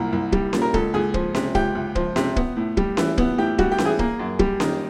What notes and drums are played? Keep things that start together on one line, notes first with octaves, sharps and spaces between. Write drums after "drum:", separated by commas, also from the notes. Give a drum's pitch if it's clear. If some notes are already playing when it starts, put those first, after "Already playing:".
Already playing: C2 A#2 A#4
C2
G3, drum: kick
A#2, drum: snare C#4
A#4
C#2 A4, drum: kick
C#2 G#4
F3, drum: kick
C3, drum: snare C#4
C#2 G4, drum: kick
C#2
F3, drum: kick
C3, drum: snare C#4
B3, drum: kick
A2
G3, drum: kick
E3, drum: snare C#4
B3, drum: kick
A2 G4
G3 F#4, drum: kick
G4
E3, drum: snare C#4
G#4
A#3, drum: kick
F#2
G3, drum: kick
D#3, drum: snare C#4